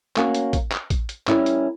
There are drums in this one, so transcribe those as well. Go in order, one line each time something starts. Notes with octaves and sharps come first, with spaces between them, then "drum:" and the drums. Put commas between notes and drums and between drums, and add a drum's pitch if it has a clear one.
A#3 C#4 F#4 C#5, drum: clap
drum: hi-hat
drum: kick A1, hi-hat
drum: clap
drum: kick A1, hi-hat
drum: hi-hat
G3 C#4 E4 A#4, drum: clap
drum: hi-hat